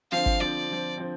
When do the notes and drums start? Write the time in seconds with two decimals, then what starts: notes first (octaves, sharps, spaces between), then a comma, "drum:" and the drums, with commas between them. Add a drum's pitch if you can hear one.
0.11 D3 F3 C4 F5
0.26 drum: kick G1
0.40 D3 F3 C4 D5
0.69 D3 F3 C4
0.97 D3 F3 C4